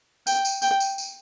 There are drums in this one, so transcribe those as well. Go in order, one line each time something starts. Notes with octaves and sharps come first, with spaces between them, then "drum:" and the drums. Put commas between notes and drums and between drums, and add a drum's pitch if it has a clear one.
G5, drum: tambourine
drum: tambourine
G5, drum: tambourine
drum: tambourine
drum: tambourine